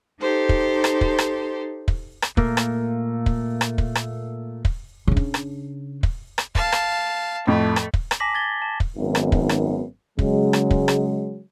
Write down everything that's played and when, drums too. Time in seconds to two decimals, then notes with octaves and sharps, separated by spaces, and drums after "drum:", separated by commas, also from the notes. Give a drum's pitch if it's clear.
0.21 D#4 G4 A4 C5
0.49 drum: kick
0.84 drum: rim click
1.01 drum: kick
1.18 drum: rim click
1.88 drum: kick
2.22 drum: rim click
2.37 A#2 A3 A#3 A#4, drum: kick
2.57 drum: rim click
3.26 drum: kick
3.61 drum: rim click
3.78 drum: kick
3.95 drum: rim click
4.65 drum: kick
5.07 C#3 D4
5.17 drum: kick
5.34 drum: rim click
6.03 drum: kick
6.38 drum: rim click
6.55 F5 A5, drum: kick
6.72 drum: rim click
7.47 F2 A2 A3
7.76 drum: rim click
7.94 drum: kick
8.11 drum: rim click
8.20 G#5 A5 D6 A#6 B6 F#7
8.34 G#6 A6 G7
8.62 A5
8.80 drum: kick
8.97 G#1 F#2 D#3 B3
9.15 drum: rim click
9.32 drum: kick
9.49 drum: rim click
10.19 C#3 F#3 G#3, drum: kick
10.53 drum: rim click
10.71 drum: kick
10.88 drum: rim click